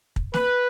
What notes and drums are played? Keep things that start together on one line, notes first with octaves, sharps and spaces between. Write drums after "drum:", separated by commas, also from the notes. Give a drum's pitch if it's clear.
drum: kick
B4, drum: snare